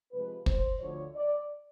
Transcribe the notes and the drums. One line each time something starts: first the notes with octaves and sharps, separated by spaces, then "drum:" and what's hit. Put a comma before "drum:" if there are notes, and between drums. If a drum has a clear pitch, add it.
C3 F3 G#3 B4
C5, drum: kick
D2 D3 F3 C#5
D5